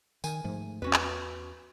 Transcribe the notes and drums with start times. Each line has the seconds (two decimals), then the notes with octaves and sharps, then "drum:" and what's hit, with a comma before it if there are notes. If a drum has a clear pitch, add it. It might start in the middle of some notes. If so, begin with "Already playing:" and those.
0.24 D#3 G#5, drum: tambourine
0.44 G#2 F3 A3
0.82 E2 C#4 F#4 B4
0.93 drum: clap